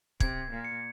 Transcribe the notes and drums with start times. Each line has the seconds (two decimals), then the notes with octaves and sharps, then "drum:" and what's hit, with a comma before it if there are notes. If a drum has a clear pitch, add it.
0.20 C3 G#6, drum: kick
0.50 A#2
0.65 C#7